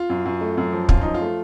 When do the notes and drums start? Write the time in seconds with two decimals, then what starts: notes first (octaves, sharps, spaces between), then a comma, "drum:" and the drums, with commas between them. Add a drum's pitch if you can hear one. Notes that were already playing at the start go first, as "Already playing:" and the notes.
Already playing: F4
0.10 F#2
0.25 F#2
0.41 A3
0.57 F#2
0.72 F3
0.89 F#2 F4, drum: kick
1.01 F3 D#4
1.14 F4
1.21 A3